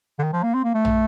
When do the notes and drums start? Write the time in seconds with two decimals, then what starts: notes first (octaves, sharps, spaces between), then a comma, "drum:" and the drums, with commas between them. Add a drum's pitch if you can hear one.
0.19 D3
0.23 D#3
0.33 F3
0.43 A#3
0.54 C4
0.64 A#3
0.74 A3
0.85 drum: tom